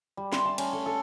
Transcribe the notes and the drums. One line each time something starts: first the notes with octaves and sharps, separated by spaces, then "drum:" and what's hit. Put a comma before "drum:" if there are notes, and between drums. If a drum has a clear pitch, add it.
G3
C6, drum: snare
A5
C#4, drum: cymbal
A4
A4